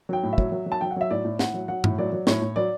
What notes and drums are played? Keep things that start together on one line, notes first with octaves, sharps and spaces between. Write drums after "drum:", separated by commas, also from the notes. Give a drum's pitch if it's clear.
F#3 G5
A2
E5
F#3, drum: kick
F#3
F#3
A5
F#3 G5
F#5
F#3 E5
A2 D5
A2
A2 F#5, drum: snare
F#3
F#3 F#5
A2, drum: tom G2
F#3 D5
F#3
A2 C#5, drum: snare
A2
F#3 D5